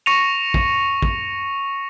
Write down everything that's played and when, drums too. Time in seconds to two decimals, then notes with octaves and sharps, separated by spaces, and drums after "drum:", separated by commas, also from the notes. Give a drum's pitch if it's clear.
0.06 C#6 A#6 C#7 D#7 F7
0.54 drum: kick
1.03 drum: kick